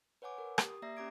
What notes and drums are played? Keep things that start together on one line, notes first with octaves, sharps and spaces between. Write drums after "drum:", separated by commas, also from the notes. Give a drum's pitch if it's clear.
B4 C#5 F#5 G#5 D6
A#4
G4 D#6, drum: rim click
D#6
A#3 D5 E5 A#5 A#6 C7
C#4 G4 A#5 D6 G#6 D7